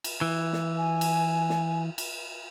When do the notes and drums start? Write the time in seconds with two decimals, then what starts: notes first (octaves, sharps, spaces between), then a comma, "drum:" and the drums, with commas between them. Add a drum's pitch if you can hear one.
0.04 drum: cymbal
0.21 E3
0.53 drum: snare
0.77 G#5
1.01 drum: cymbal
1.50 drum: snare
1.98 drum: cymbal